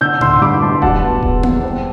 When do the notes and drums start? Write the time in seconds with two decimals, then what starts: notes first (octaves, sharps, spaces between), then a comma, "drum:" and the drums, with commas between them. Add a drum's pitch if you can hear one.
0.01 D3 E6 G6
0.21 D3 C6 E6, drum: tom A2
0.41 G2 B5 D6
0.62 G2 A5 C6
0.82 F#3 F#5 A5, drum: kick D#1
1.02 B3
1.23 E2, drum: kick D#1
1.43 E2, drum: tom A#3
1.63 C4